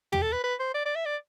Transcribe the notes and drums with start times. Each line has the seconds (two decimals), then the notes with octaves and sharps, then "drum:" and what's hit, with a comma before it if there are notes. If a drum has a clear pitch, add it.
0.12 G4, drum: tom
0.22 A4
0.33 B4
0.44 B4
0.60 C5
0.74 D5
0.86 D5
0.95 E5
1.05 D5